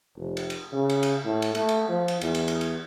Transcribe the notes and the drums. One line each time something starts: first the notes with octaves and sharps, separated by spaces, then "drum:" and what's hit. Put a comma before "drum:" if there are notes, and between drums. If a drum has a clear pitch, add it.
F1
drum: cymbal
drum: cymbal
C#3
drum: cymbal
drum: cymbal
A2
drum: cymbal
A3, drum: cymbal
drum: cymbal
F3
drum: cymbal
E2, drum: cymbal
drum: cymbal
drum: cymbal
drum: cymbal